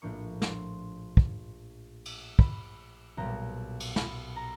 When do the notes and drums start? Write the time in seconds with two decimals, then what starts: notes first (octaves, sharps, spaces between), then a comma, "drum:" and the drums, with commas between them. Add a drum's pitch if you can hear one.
0.02 A#1 A2 F3 A#3 D4 C#6
0.42 C6, drum: snare
1.17 drum: kick
2.05 drum: cymbal
2.39 B5, drum: kick
3.17 B1 A#2 G3 A#5
3.80 drum: cymbal
3.96 B5, drum: snare
4.36 A#5